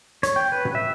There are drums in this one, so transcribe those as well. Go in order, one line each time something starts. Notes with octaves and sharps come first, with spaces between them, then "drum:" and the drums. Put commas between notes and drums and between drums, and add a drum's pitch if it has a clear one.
C#5, drum: hi-hat
G5
B4
drum: tom
E5